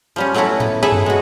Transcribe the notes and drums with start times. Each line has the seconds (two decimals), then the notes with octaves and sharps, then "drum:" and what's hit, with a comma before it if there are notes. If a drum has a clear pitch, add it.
0.16 F3 G3 C#4
0.34 F#3 A3 B3 C#4 E4 F#4
0.60 B3, drum: tom G#2
0.83 E4 G#4 A4 B4
0.92 drum: tom F#2
1.06 G#3 F#4